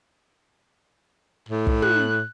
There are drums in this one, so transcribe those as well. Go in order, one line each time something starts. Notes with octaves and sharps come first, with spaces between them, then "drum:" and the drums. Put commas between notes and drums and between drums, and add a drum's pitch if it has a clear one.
A2
drum: kick
F#6, drum: tom